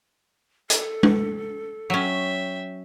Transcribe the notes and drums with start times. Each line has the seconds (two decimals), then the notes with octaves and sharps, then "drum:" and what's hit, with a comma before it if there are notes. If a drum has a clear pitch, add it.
0.70 A4, drum: hi-hat
1.03 drum: tom G#3
1.90 F#3 C#4 E5 G5